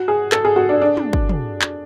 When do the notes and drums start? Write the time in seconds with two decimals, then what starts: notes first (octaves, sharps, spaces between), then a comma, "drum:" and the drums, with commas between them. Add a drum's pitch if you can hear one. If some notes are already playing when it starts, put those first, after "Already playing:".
Already playing: F#4
0.08 G#4
0.32 A4, drum: clap
0.45 G#4
0.56 F#4
0.69 D4
0.81 D4
0.97 drum: tom
1.13 drum: kick
1.29 drum: tom
1.62 drum: clap